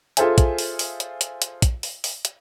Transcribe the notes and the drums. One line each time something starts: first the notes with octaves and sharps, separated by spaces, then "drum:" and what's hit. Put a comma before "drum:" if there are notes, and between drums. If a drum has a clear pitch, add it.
F4 G#4 A4 C5 E5 G#5, drum: hi-hat
drum: kick, hi-hat
drum: open hi-hat
drum: open hi-hat
drum: hi-hat
drum: hi-hat
drum: hi-hat
drum: kick, hi-hat
drum: open hi-hat
drum: open hi-hat
drum: hi-hat